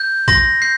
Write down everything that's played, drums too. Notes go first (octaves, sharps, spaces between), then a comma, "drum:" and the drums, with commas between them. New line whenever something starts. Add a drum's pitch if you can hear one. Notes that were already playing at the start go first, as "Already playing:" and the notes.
Already playing: G6
C6 A#6, drum: kick A1, hi-hat
G6 C7